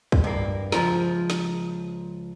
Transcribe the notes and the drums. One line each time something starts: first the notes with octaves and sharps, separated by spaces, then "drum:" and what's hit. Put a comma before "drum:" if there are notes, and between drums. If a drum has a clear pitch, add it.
drum: kick
G2 A#3
C#2 F3 A#4, drum: snare
drum: snare